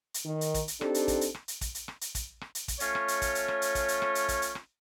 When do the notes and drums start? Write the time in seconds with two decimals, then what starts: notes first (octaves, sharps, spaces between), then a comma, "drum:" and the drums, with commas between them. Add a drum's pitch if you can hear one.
0.14 drum: hi-hat
0.24 D#3
0.41 drum: hi-hat
0.54 drum: kick, hi-hat
0.68 drum: hi-hat
0.81 C4 D4 D#4 G4 A4, drum: rim click
0.94 drum: hi-hat
1.08 drum: kick, hi-hat
1.21 drum: hi-hat
1.35 drum: rim click
1.48 drum: hi-hat
1.61 drum: kick, hi-hat
1.75 drum: hi-hat
1.88 drum: rim click
2.01 drum: hi-hat
2.15 drum: kick, hi-hat
2.41 drum: rim click
2.55 drum: hi-hat
2.68 drum: kick, hi-hat
2.80 A3 C#4 F4 C#5, drum: hi-hat
2.95 drum: rim click
3.08 drum: hi-hat
3.22 drum: kick, hi-hat
3.35 drum: hi-hat
3.48 drum: rim click
3.62 drum: hi-hat
3.75 drum: kick, hi-hat
3.88 drum: hi-hat
4.02 drum: rim click
4.15 drum: hi-hat
4.28 drum: kick, hi-hat
4.42 drum: hi-hat
4.55 drum: rim click